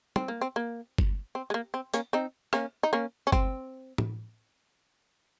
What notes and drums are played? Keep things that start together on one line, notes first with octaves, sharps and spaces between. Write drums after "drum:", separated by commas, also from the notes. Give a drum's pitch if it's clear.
C4, drum: tom
A#3
C4
A#3
drum: kick G1
C4
G#3
A#3
C4
A#3 C#4, drum: hi-hat
C4 D#4
A#3 C#4, drum: rim click
D#4
A#3 C#4
C#4
C4, drum: kick G1
drum: tom A2